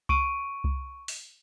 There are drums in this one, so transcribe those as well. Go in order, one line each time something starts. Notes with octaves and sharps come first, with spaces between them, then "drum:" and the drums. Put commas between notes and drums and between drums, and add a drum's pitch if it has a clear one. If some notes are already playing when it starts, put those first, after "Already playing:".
C#6 D7 D#7, drum: kick C2
drum: kick C2
drum: open hi-hat